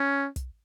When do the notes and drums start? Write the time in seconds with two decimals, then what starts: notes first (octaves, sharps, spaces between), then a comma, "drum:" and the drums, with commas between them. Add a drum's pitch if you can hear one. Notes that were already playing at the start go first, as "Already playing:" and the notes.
Already playing: C#4
0.36 drum: kick, hi-hat